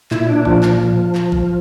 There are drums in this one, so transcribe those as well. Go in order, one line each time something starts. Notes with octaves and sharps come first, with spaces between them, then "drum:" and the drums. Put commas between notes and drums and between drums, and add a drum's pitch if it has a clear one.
A#2 E4, drum: clap
D4
F3 D4, drum: kick
drum: clap
F3
drum: clap
drum: kick